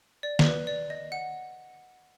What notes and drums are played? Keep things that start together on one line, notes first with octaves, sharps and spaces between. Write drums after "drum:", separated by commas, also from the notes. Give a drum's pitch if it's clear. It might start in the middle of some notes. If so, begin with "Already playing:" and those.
D5
D5, drum: snare
B4
D5
D#5
F#5